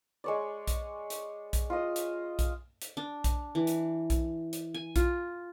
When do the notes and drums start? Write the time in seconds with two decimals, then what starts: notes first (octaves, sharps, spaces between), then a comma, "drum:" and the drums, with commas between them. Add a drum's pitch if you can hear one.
0.24 G#3 C#5 D5
0.67 drum: kick B1, hi-hat
1.10 drum: hi-hat
1.53 drum: kick B1, hi-hat
1.70 F4 D#5
1.96 drum: hi-hat
2.39 drum: kick B1, hi-hat
2.82 drum: hi-hat
2.97 D4
3.24 drum: kick B1, hi-hat
3.55 E3
3.67 drum: hi-hat
4.10 drum: kick B1, hi-hat
4.53 drum: hi-hat
4.74 G#5
4.96 F4, drum: kick B1, hi-hat